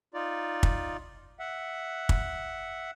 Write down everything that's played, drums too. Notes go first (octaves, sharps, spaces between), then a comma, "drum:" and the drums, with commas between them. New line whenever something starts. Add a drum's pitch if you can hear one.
D#4 F4 D5
drum: kick
E5 F#5
drum: kick